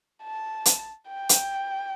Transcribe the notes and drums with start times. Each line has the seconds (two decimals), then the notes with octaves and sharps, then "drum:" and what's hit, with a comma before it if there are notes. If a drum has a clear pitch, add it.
0.23 A5
0.66 drum: hi-hat
1.08 G5
1.29 drum: hi-hat